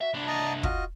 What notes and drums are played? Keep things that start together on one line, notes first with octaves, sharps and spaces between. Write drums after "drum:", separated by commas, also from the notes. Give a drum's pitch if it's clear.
F#4 E5
C2 D4 B5
D#5 A5 A#5
F4 F#4 D#5, drum: kick